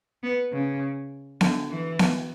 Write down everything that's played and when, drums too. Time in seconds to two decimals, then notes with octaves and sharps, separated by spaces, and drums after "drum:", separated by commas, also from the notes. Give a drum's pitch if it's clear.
0.23 B3
0.52 C#3
1.41 D3, drum: snare B3
1.70 E3
1.99 drum: snare B3